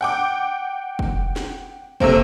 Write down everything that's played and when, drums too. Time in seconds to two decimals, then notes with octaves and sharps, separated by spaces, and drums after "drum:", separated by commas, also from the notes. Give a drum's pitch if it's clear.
0.01 F#5 G5 D6
0.99 drum: kick
1.36 drum: snare
2.00 C3 A3 A#3 C4, drum: kick